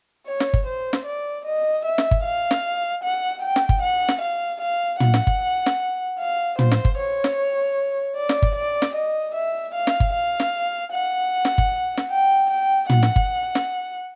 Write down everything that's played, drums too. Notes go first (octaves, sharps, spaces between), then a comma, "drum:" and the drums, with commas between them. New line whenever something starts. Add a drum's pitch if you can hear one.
C#5
drum: snare
drum: kick G1
C5
drum: snare
D5
D#5
E5
drum: snare
drum: kick G1
F5
drum: snare
F#5
G5
drum: snare
drum: kick G1
F#5
drum: snare
F5
F5
F#5, drum: tom
drum: snare
drum: kick G1
drum: snare
F5
C5, drum: tom
drum: snare
drum: kick G1
C#5
drum: snare
D5
drum: snare
drum: kick G1
D5
drum: snare
D#5
E5
F5
drum: snare
drum: kick G1
F5
drum: snare
F#5
drum: snare
drum: kick G1
drum: snare
G5
G5
F#5, drum: tom
drum: snare
drum: kick G1
drum: snare